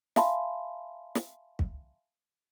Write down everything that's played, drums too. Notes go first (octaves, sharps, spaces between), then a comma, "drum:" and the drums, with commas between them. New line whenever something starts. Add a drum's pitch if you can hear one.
E5 F5 G#5 A5 B5 C6, drum: snare
drum: snare
drum: kick